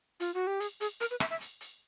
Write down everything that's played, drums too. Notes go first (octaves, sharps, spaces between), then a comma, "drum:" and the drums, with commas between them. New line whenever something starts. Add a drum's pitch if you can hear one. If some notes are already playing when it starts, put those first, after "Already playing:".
F4, drum: hi-hat
F#4
G4
G#4, drum: hi-hat
G#4, drum: hi-hat
A#4, drum: hi-hat
B4
E5, drum: rim click
E5
drum: hi-hat
drum: hi-hat